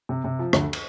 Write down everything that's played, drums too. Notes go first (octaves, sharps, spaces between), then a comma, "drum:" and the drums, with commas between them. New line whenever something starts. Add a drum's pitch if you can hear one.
C3
C3
F3
D2, drum: rim click
drum: cymbal